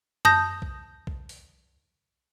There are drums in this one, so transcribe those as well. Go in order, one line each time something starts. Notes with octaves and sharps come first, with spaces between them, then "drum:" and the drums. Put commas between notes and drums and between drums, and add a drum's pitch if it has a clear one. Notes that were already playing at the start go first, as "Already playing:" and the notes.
A5 D#6 G6 A#6, drum: tom F#2
drum: kick B1
drum: kick B1
drum: open hi-hat